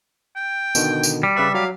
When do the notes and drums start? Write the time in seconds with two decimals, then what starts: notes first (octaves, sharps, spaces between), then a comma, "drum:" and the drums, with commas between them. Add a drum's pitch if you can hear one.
0.36 G5
0.75 B2 D3 D#3, drum: tambourine
1.03 drum: tambourine
1.23 G3
1.36 C#3 B4 D5 E5
1.54 F#3 F5